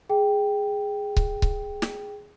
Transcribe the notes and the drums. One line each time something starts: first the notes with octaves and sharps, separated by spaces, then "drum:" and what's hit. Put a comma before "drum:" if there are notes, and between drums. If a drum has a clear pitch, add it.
G#4 G5
drum: kick C#1
drum: kick C#1
drum: snare